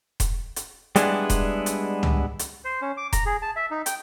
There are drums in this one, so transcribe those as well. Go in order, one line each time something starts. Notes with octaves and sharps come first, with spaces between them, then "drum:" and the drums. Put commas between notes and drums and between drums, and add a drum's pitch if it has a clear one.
drum: kick E1, hi-hat
drum: hi-hat
G3 G#3 B3 D4 E4 G#4, drum: hi-hat
drum: kick E1, hi-hat
drum: hi-hat
drum: tom
drum: hi-hat
C5
C#4
D6
A#5, drum: kick E1, hi-hat
G#4
A5
E5
D#4
G5, drum: hi-hat